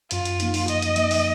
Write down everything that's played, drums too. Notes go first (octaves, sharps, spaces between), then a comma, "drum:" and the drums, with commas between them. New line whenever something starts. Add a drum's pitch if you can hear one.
F#2 F4, drum: hi-hat
drum: hi-hat
F3 A#3 D#4, drum: hi-hat
drum: open hi-hat
F#2 D#5, drum: hi-hat
drum: hi-hat
F3 A#3 D#4, drum: hi-hat
drum: open hi-hat